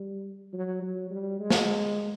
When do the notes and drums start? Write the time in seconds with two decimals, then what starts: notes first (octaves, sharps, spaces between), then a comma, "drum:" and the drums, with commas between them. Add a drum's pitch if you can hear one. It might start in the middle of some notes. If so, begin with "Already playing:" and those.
Already playing: G3
0.53 F#3
0.82 F#3
1.11 G3
1.40 G#3
1.50 drum: snare